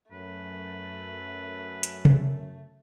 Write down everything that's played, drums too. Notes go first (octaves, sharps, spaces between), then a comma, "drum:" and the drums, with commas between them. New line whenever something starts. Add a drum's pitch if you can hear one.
F#2 A3 B4
drum: hi-hat
drum: tom C3